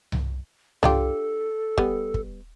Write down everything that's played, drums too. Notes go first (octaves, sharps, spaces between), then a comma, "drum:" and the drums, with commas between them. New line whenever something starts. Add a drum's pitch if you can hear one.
drum: tom C2
D4 F4 G4 A4, drum: tom C2
G3 B3, drum: kick
drum: kick